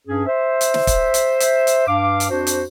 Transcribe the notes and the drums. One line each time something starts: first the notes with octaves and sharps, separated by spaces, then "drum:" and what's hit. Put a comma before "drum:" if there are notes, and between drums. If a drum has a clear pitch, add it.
G2 C#4 G#4
C5 E5
drum: hi-hat
drum: snare
drum: kick, hi-hat
drum: hi-hat
drum: hi-hat
drum: hi-hat
G2 F5 D6
drum: hi-hat
F2 D4 F#4 C5
drum: hi-hat